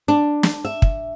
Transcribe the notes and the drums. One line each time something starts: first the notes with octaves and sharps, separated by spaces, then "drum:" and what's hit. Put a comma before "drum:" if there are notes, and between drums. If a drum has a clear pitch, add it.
D4
drum: snare
E5
drum: kick